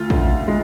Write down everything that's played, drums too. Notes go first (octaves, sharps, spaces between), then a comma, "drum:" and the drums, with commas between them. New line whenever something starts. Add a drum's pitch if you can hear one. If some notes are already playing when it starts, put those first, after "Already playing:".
Already playing: D2 F4
D3, drum: kick
G#3